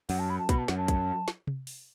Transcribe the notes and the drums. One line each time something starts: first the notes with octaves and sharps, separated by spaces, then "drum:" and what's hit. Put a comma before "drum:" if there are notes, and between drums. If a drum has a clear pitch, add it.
F#2 F#5, drum: open hi-hat
A5
B5
A5
B2 B5, drum: kick, hi-hat
A5
F#2 F#5, drum: snare
A5
drum: kick, hi-hat
drum: snare
drum: tom C3
drum: open hi-hat